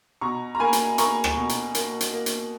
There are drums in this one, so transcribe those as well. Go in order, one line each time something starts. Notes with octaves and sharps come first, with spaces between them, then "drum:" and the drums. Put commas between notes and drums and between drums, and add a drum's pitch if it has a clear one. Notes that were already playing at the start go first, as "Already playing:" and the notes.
B2 A#5 C#6
A#5
A#3 G#5 B5
drum: hi-hat
A#3 A#5 C#6, drum: hi-hat
drum: rim click
B2
drum: hi-hat
A#3, drum: hi-hat
drum: hi-hat
A#3
drum: hi-hat